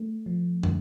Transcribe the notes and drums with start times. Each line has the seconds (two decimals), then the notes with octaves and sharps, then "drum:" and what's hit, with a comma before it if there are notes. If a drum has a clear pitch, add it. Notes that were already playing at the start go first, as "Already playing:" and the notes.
Already playing: A3
0.26 F3
0.63 D3, drum: tom